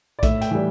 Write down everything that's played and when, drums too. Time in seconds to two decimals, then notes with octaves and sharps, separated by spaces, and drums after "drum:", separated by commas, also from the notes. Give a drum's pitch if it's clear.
0.19 D5
0.23 A2 E5, drum: kick A#1, hi-hat
0.41 G5, drum: hi-hat
0.51 E3 G3